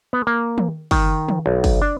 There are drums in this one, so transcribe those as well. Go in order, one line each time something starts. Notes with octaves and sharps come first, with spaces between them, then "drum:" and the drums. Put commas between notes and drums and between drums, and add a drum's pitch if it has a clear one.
B3
A#3
drum: tom
D#3, drum: kick, open hi-hat
drum: tom
B1
drum: kick, open hi-hat
D4